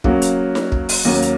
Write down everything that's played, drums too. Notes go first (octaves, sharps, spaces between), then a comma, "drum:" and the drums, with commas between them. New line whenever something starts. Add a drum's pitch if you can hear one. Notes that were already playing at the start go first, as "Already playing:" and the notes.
C#3 F#3 A#3, drum: kick
drum: hi-hat
drum: snare D#4
drum: kick
drum: open hi-hat
D#2 C#3 F#3 A#3
drum: hi-hat